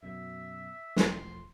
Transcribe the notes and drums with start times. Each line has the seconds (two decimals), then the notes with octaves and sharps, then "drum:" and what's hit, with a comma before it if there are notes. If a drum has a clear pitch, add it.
0.03 F#2 B2 E5
0.96 E1 F3 A3 C6, drum: snare